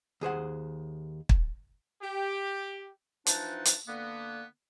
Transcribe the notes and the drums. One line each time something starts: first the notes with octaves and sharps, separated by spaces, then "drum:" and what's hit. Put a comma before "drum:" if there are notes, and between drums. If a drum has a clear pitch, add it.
D#2 G#4 C5 F#5
drum: kick
G4
E3 F3 D4 D#4 F#5 A5, drum: hi-hat
drum: hi-hat
D3 A#3 B3